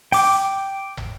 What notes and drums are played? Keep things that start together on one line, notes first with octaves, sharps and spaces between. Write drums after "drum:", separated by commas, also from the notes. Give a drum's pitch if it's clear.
G5 D6, drum: open hi-hat
drum: tom